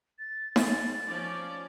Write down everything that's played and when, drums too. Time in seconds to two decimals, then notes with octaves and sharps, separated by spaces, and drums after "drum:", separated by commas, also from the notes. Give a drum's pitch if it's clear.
0.19 A6
0.56 A6, drum: snare D#4
1.08 F3 C#4 D5